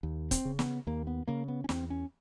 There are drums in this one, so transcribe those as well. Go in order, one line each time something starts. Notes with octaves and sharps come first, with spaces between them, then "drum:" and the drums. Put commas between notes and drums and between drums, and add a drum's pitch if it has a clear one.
D#2
C4, drum: kick, hi-hat
C#3
B3, drum: snare
D#2 A#3
B3
C#3 A#3
B3
C#4
E2 C4, drum: snare
C#4